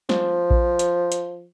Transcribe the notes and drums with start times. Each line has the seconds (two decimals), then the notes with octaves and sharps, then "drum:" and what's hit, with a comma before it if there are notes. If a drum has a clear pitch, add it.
0.09 F3, drum: snare
0.51 drum: kick A#1
0.79 drum: hi-hat
1.12 drum: hi-hat